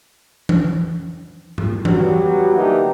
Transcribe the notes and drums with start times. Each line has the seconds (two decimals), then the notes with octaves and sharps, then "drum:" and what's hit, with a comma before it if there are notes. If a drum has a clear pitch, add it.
0.49 drum: tom E3
1.58 drum: tom G#2
1.85 F#3 G3 B3 F#4 G4, drum: tom E3
2.55 D3 E3 A#3 D#4 G4